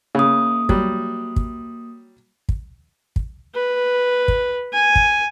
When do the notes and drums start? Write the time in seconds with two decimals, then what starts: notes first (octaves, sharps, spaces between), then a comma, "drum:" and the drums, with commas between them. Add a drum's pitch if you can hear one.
0.15 C#3 A#3 D#6
0.69 F#3 G3, drum: kick
1.36 drum: kick
2.49 drum: kick
3.16 drum: kick
3.55 B4
4.28 drum: kick
4.73 G#5
4.95 drum: kick